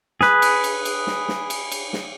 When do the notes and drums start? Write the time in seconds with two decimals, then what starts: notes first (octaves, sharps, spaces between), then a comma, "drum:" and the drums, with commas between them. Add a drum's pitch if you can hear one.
0.21 G#4 B4, drum: snare
0.42 drum: cymbal
0.64 drum: cymbal
0.85 drum: cymbal
1.07 drum: snare
1.28 drum: snare
1.50 drum: cymbal
1.72 drum: cymbal
1.93 drum: snare